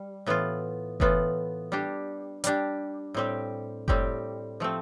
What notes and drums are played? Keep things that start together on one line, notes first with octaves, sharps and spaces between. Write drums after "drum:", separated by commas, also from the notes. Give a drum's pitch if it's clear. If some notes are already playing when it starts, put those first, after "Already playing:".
Already playing: G3
A2 E3 B3 F4
A2 E3 B3 F4, drum: kick F#1
G3 D4 G4
G3 D4 G4, drum: hi-hat
A2 G3 C4 G4
A2 G3 C4 G4, drum: kick F#1
F3 A3 C4